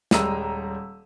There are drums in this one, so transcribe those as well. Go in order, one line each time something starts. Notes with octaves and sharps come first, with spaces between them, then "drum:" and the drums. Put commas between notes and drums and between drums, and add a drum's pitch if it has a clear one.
D#1 G3 G#3 A#5 E6 D#7, drum: snare